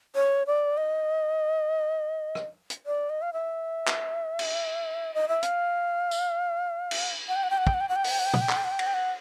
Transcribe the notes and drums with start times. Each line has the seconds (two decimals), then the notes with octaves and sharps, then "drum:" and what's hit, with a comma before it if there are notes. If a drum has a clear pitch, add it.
0.15 C#5
0.47 D5
0.77 D#5
2.35 drum: rim click
2.70 drum: hi-hat
2.86 D5
3.10 D#5
3.22 F5
3.33 E5
3.87 drum: clap
4.39 drum: cymbal
5.14 D#5
5.28 E5
5.43 F5, drum: hi-hat
6.11 drum: tambourine
6.91 drum: cymbal
7.28 F#5
7.36 G5
7.43 F#5
7.50 G5
7.58 F#5
7.67 G5, drum: kick
7.74 F#5
7.81 G5
7.89 F#5
7.96 G5
8.04 F#5, drum: open hi-hat
8.11 G5
8.19 F#5
8.26 G5
8.34 F#5, drum: tom
8.41 G5
8.49 F#5, drum: clap
8.56 G5
8.64 F#5
8.71 G5
8.79 F#5, drum: cymbal
8.86 G5
8.94 F#5